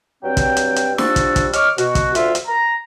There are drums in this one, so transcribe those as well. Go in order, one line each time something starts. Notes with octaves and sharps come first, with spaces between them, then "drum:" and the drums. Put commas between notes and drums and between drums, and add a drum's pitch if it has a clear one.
G2 F#3 C4 G5
drum: kick, hi-hat
drum: hi-hat
drum: hi-hat
F3 G3 D4 F#4 A5 E6, drum: snare
drum: kick, hi-hat
drum: kick, hi-hat
C#5 D#5 C#6 D6 F6, drum: hi-hat
B2 F#4, drum: hi-hat
drum: kick, hi-hat
D2 F4 E5, drum: hi-hat
drum: hi-hat
A#5